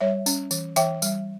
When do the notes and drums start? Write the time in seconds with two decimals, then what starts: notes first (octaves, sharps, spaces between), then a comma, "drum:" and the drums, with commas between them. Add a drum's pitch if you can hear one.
0.01 G3 C#5 E5
0.26 C#4, drum: tambourine
0.51 E3, drum: tambourine
0.76 E3 E5 G5, drum: tambourine
1.02 G3, drum: tambourine